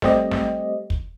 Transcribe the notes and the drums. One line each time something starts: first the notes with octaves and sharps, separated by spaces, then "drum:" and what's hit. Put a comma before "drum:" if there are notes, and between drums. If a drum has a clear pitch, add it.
G3 A3 C4 G4 D#5, drum: snare
drum: snare
drum: kick